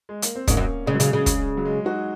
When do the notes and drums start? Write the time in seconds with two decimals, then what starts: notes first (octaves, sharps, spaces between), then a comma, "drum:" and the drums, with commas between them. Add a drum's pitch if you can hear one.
0.09 G#3
0.22 A#3, drum: hi-hat
0.35 C4
0.48 G#2 A#3 C#4, drum: kick, hi-hat
0.57 F#2
0.86 C#3 G#3
0.94 F#3
1.00 C#3 G#3, drum: hi-hat
1.13 C#3
1.26 drum: kick, hi-hat
1.57 F#3
1.65 G#3
1.85 D#4 F#4